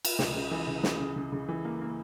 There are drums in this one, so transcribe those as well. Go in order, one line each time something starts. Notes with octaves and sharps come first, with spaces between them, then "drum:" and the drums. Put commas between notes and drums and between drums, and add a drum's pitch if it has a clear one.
drum: cymbal
C#2, drum: snare
C#3
E3
C#3
C#3, drum: snare
C#3
C#3
C#3
E3
A#3
A#3